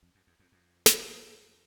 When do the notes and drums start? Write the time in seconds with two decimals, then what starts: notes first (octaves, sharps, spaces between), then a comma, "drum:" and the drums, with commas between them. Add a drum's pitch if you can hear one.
0.03 F2
0.15 F#2
0.27 E2
0.39 F2
0.52 F2
0.86 drum: snare